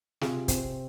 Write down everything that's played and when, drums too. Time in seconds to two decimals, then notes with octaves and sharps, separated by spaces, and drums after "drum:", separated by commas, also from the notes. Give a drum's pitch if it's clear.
0.21 C3 F4 G#4, drum: snare
0.48 C4, drum: kick, hi-hat